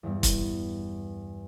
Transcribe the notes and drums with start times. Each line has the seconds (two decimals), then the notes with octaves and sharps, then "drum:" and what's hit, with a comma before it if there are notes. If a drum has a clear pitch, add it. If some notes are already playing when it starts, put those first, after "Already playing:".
0.03 E2 G2 B3
0.23 drum: kick, hi-hat